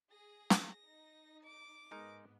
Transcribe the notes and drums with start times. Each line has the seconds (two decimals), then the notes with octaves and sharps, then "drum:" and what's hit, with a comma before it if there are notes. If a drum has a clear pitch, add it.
0.11 G#4 A#6
0.50 drum: snare
0.85 D#4
1.43 D6
1.91 G#2 G#3 B3 D#4 A#4